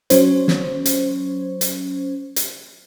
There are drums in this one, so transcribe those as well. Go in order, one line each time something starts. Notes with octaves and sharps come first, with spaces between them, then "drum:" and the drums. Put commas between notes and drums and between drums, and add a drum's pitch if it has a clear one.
F#3 C#4 C5, drum: hi-hat
drum: snare
drum: hi-hat
drum: hi-hat
drum: hi-hat